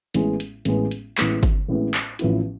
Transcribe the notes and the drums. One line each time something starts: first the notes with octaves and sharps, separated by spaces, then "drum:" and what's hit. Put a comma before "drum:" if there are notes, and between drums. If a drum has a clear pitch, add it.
A1 A2 G#3 B3, drum: hi-hat
drum: hi-hat
A1 A2 G#3 B3, drum: hi-hat
drum: hi-hat
A1 A2 G#3 B3, drum: clap
drum: kick, hi-hat
A1 A2 G#3 B3
drum: clap
A1 A2 F3 B3 E4, drum: hi-hat